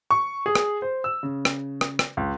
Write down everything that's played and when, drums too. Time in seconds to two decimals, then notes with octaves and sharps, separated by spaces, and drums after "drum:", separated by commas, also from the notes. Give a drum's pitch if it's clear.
0.11 C#6
0.46 G#4
0.55 drum: rim click
0.82 C5
1.04 E6
1.23 C#3
1.45 drum: rim click
1.81 drum: rim click
1.99 drum: rim click
2.17 C#2